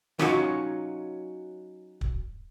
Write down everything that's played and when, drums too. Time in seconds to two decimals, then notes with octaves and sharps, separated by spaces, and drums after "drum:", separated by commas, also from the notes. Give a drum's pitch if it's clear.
0.19 F#3 C#4 D#4 F4 F#4, drum: snare
2.01 drum: kick